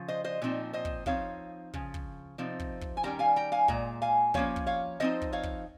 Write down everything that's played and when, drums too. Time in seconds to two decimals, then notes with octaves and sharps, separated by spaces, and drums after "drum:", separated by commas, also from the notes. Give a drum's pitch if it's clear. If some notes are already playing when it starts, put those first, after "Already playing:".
Already playing: C#3 F3
0.08 C5 D#5
0.24 C5 D#5
0.42 A#2 F3 C4 D#4
0.73 C5 D#5
0.85 drum: kick
1.06 F3 C4 D#4 C#5 F5, drum: kick
1.74 C#3 F3, drum: kick
1.94 drum: kick
2.38 C3 F3 C4 D#4
2.60 drum: kick
2.81 drum: kick
2.97 G#5
3.03 D#3 G3 C#4 G5 A#5
3.19 F5 G#5
3.36 G5 A#5
3.52 F5 G#5
3.68 A#2 G#3 A#5, drum: kick
4.02 F5 G#5
4.34 F3 A#3 C#4 C#5 F5, drum: kick
4.56 drum: kick
4.66 C#5 F5
5.00 F3 C4 D#4 C5 D#5
5.22 drum: kick
5.33 C#5 F5
5.44 drum: kick